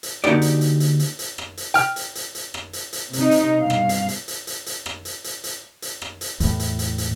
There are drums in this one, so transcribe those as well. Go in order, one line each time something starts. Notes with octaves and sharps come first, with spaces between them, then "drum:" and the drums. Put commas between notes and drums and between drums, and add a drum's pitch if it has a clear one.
drum: hi-hat
D3 A#3 D#4 F#4 G4 D5, drum: rim click
drum: hi-hat
drum: hi-hat
drum: hi-hat
drum: hi-hat
drum: hi-hat
drum: rim click
drum: hi-hat
G5 F6, drum: hi-hat
drum: hi-hat
drum: hi-hat
drum: hi-hat
drum: rim click
drum: hi-hat
drum: hi-hat
C3 D#4, drum: hi-hat
drum: hi-hat
G2 B2 F5
drum: rim click
drum: hi-hat
drum: hi-hat
drum: hi-hat
drum: hi-hat
drum: hi-hat
drum: rim click
drum: hi-hat
drum: hi-hat
drum: hi-hat
drum: hi-hat
drum: rim click
drum: hi-hat
E2 A2, drum: hi-hat
drum: hi-hat
drum: hi-hat
drum: hi-hat